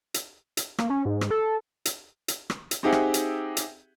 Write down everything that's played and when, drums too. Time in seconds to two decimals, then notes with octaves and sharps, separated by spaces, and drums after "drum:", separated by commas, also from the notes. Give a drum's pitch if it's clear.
0.14 drum: hi-hat
0.57 drum: hi-hat
0.78 A#3, drum: rim click
0.90 C#4
1.05 G#2
1.21 drum: rim click
1.30 A4
1.85 drum: hi-hat
2.28 drum: hi-hat
2.50 drum: rim click
2.71 drum: hi-hat
2.83 C4 D#4 G4 G#4 E5 F#5
2.92 drum: rim click
3.14 drum: hi-hat
3.57 drum: hi-hat